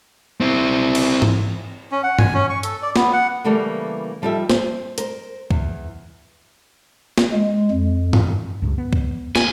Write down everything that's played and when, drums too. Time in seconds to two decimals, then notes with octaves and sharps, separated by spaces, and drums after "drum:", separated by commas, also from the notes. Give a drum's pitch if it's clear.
0.41 C4 E4
0.95 drum: cymbal
1.22 drum: tom
1.92 C#4
2.03 F#5
2.19 G#5, drum: tom G2
2.34 C#4
2.50 C#6
2.63 A4, drum: hi-hat
2.82 D5
2.96 B3, drum: snare
3.13 F#5
3.44 C#3 E3 G3 A3 A#3 G4
4.22 F3 G3 D#4 G4 A4 E5
4.50 C5, drum: snare
4.98 A#4 C5, drum: hi-hat
5.51 E2, drum: kick
7.18 drum: snare
7.33 G#3
7.71 F2
8.13 drum: tom G2
8.62 C#2 G2
8.78 B3
8.93 drum: kick
9.36 D#2 A#3 G#5, drum: snare